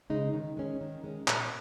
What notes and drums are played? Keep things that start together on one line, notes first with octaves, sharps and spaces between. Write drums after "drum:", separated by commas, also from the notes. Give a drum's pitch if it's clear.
C#3 G#3 D#4
D#3
G#3 C#4
D#3
G#3 C#4
A#2 A#4, drum: clap